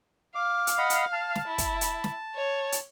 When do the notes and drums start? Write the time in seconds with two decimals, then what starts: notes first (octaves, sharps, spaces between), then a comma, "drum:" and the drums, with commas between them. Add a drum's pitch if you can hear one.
0.35 F5 D6
0.67 drum: hi-hat
0.78 D#5 F#5 B5
0.90 drum: hi-hat
1.13 A5
1.35 drum: snare
1.47 E4
1.58 drum: kick, hi-hat
1.81 drum: hi-hat
2.04 drum: snare
2.35 C#5
2.72 drum: hi-hat